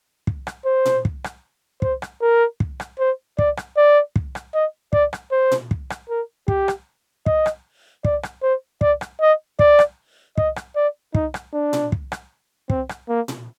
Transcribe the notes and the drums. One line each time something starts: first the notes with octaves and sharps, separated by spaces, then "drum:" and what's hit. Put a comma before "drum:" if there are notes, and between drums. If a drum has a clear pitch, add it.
drum: kick
drum: rim click
C5
drum: tom A#2
drum: kick
drum: rim click
C5, drum: kick
drum: rim click
A#4
drum: kick
drum: rim click
C5
D5, drum: kick
drum: rim click
D5
drum: kick
drum: rim click
D#5
D5, drum: kick
drum: rim click
C5
drum: tom A#2
drum: kick
drum: rim click
A#4
G4, drum: kick
drum: rim click
D#5, drum: kick
drum: rim click
D5, drum: kick
drum: rim click
C5
D5, drum: kick
drum: rim click
D#5
D5, drum: kick
drum: rim click
D#5, drum: kick
drum: rim click
D5
D#4, drum: kick
drum: rim click
D4
drum: tom A#2
drum: kick
drum: rim click
C4, drum: kick
drum: rim click
A#3
drum: tom A#2